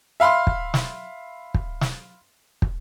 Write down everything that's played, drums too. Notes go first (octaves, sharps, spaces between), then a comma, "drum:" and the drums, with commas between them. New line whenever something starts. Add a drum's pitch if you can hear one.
E5 F5 B5 C6 F6
drum: kick
drum: snare
drum: kick
drum: snare
drum: kick